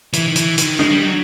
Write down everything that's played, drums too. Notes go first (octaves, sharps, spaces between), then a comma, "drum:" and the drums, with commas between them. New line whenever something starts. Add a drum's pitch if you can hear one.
E3, drum: hi-hat
D#3
E3, drum: hi-hat
D#3, drum: hi-hat
G#3 D4, drum: rim click
G3
F#3